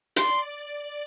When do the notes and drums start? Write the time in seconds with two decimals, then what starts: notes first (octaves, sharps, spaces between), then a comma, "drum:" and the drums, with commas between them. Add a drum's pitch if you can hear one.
0.16 D5 C6, drum: hi-hat